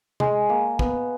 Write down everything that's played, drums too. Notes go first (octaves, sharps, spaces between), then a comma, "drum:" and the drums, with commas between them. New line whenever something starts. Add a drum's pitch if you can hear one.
G#3, drum: tom C3
A#3
B3, drum: kick